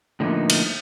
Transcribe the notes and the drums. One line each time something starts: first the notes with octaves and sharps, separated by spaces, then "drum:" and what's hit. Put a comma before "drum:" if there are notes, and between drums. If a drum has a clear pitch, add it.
A2 D3 F3 A#3 B3 D#4
drum: cymbal